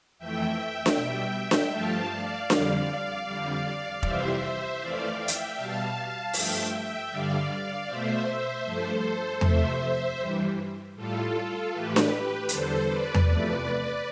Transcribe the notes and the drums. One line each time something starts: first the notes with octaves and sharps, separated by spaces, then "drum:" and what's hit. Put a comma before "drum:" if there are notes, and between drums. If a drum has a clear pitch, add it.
F2 E3 A3 E5 G5
drum: snare D4
B2 G3
drum: snare D4
G2 F3 A3 F5 A5
D5 F5
F2 D3 G3, drum: snare D4
F2 D3 G3
F2 C3 E3 G3 C5 E5, drum: kick
F2 E3 A3 D5 F5
E5 G5
drum: hi-hat
B2 G3 F5 A5
G2 F3 A3 E5 G5, drum: open hi-hat
E5 G5
G2 D3 G3 D5 F5
B2 A3 C5 E5
G2 F3 A3 A4 C5
F2 C3 F3 A3 C5 E5, drum: tom E2
G2 E3 G3
A2 G3 F4 A4
A2 E3 A3 G4 B4
drum: snare D4
E2 D3 G3 A4 C5, drum: hi-hat
B4 D5
drum: tom E2
E2 C3 F3 A3 B4 D5